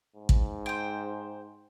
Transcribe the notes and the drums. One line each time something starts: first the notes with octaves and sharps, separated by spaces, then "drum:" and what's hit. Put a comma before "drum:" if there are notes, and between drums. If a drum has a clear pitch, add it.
G#2
drum: kick
C5 G5